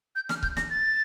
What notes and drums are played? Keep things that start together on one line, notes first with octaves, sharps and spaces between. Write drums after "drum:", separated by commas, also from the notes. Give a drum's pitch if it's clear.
G6
F6, drum: snare
G6, drum: kick C#1
A#6, drum: snare
A6